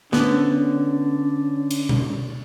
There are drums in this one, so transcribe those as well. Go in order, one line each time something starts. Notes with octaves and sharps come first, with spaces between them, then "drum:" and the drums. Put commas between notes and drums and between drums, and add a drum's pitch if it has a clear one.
D3 B3 C#4, drum: snare
drum: cymbal
drum: tom B2